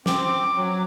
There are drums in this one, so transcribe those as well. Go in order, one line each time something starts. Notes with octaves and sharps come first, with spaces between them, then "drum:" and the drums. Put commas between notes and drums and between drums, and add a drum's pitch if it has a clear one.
C4 D6, drum: snare
F#3